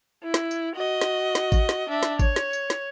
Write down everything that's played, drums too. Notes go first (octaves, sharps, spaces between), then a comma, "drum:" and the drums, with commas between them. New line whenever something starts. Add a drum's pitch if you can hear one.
E4
drum: snare
drum: tambourine
F#4 D#5
drum: snare
drum: snare
drum: kick A1, tambourine
drum: snare
D4 E5
drum: snare
C#5, drum: kick A1, tambourine
drum: snare
drum: tambourine
drum: snare